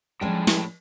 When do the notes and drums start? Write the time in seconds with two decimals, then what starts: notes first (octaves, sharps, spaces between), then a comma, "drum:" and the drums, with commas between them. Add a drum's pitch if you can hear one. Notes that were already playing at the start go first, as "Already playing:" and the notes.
0.21 A2 E3 F3 G3 G#3 C#4 G5 A5
0.47 drum: snare